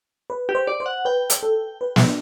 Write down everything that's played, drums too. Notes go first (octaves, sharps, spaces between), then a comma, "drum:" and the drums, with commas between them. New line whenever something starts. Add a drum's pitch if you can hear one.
B4
G4
C5
D5
C5
F#5
B4 G5
drum: hi-hat
A4
B4
drum: snare
D4